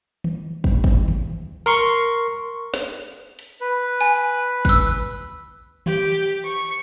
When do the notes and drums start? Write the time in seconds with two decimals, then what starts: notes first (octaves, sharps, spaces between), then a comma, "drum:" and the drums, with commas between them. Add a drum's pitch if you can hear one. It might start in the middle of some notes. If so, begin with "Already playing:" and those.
0.24 drum: tom D#3
0.64 drum: kick
0.84 drum: kick
1.08 drum: tom D#3
1.66 A#4 C6 C#6, drum: hi-hat
2.74 drum: snare
3.39 drum: hi-hat
3.61 B4
4.01 G#5
4.65 E6 F#6, drum: kick
5.86 G4, drum: tom D#3
6.45 C#6